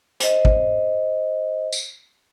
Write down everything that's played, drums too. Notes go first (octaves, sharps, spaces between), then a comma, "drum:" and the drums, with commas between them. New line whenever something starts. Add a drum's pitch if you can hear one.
C5 D#5, drum: hi-hat
drum: kick
drum: tambourine